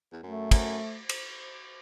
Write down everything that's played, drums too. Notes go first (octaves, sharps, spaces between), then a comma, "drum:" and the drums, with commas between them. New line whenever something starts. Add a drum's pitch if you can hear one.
E2
F#2 A3
F#2, drum: kick, cymbal
drum: cymbal